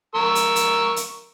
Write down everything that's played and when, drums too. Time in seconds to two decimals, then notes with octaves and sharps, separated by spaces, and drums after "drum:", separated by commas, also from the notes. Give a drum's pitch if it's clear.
0.15 A#4 C#6 E6
0.35 drum: hi-hat
0.56 drum: hi-hat
0.96 drum: hi-hat